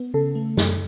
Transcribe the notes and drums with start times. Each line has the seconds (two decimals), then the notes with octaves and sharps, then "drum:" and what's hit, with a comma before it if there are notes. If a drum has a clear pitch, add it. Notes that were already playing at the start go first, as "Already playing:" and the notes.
Already playing: B3
0.14 C#3 A4
0.35 A3
0.57 F#2, drum: snare